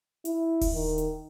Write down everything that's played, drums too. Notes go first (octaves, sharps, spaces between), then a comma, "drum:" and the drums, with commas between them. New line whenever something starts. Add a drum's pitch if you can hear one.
E4, drum: hi-hat
drum: kick D#1, open hi-hat
D#3
drum: hi-hat